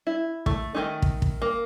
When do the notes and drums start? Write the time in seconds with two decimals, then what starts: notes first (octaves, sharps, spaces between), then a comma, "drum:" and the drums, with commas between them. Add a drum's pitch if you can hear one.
0.07 E4
0.46 A3, drum: kick
0.75 D#3 F#3 A3 D#4
1.02 drum: kick
1.22 drum: kick
1.42 A#3